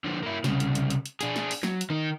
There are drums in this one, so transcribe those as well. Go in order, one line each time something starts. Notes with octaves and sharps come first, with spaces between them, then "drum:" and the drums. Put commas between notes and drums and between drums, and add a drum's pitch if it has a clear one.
D3 F3
A#3 E4
C2 C#3, drum: snare
drum: hi-hat
drum: hi-hat
drum: hi-hat
drum: hi-hat
D4 G#4, drum: hi-hat
drum: snare
drum: open hi-hat
F#3, drum: snare
drum: hi-hat
D#3 D#4